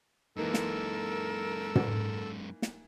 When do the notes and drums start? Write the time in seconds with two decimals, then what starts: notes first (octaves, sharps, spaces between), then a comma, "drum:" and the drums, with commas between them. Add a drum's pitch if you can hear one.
0.37 F#2 E3 G#3 A#3 D#4 A4 A#4 E6
0.54 drum: snare
1.75 drum: tom
2.62 drum: snare